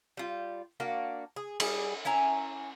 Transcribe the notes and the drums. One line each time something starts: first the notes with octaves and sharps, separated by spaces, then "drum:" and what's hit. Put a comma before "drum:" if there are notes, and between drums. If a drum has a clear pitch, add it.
G3 F4
A#3 D4 F#4
G#4
G3 G#4, drum: cymbal
C#4 E4 G#5 A#5